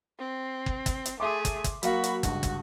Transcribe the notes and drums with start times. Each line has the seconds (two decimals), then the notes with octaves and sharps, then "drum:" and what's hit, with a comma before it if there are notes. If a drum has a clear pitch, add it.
0.19 C4
0.66 drum: kick
0.86 drum: kick, hi-hat
1.05 drum: hi-hat
1.20 A3 G#4 E5 C6 D6
1.45 drum: kick, hi-hat
1.64 drum: kick, hi-hat
1.83 F#3 A#3 F#4 F5 B5, drum: hi-hat
2.04 drum: hi-hat
2.23 C#2 G2 F#4, drum: kick, hi-hat
2.43 drum: kick, hi-hat